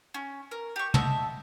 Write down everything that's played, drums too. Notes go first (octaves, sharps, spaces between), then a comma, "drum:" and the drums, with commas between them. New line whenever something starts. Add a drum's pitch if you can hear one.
C#4
A#4
G4 C#6
D#5 E5 F#5 A5, drum: tom